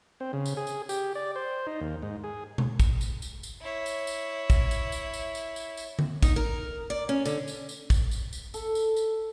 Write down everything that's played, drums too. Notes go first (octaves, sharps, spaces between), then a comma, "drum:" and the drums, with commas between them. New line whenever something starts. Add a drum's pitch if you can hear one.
C4
C#3
drum: tambourine
G#4
drum: tambourine
G4, drum: tambourine
D5
C5
D#4
D#2
G#2
G#4
drum: tom B2
drum: kick, tambourine
drum: tambourine
drum: tambourine
drum: tambourine
E4 C#5
drum: tambourine
drum: tambourine
drum: kick, tambourine
drum: tambourine
drum: tambourine
drum: tambourine
drum: tambourine
drum: tambourine
drum: tambourine
drum: tom D3
D#4, drum: kick, tambourine
A#4
D5
C#4
D3, drum: tambourine
drum: tambourine
drum: tambourine
drum: kick, tambourine
drum: tambourine
drum: tambourine
A4, drum: tambourine
drum: tambourine
drum: tambourine